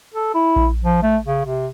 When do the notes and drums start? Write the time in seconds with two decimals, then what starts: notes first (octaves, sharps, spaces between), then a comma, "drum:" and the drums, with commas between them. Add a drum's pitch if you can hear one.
0.14 A4
0.34 E4
0.56 drum: kick A#1
0.84 F3
1.03 A3
1.26 C#3
1.45 C3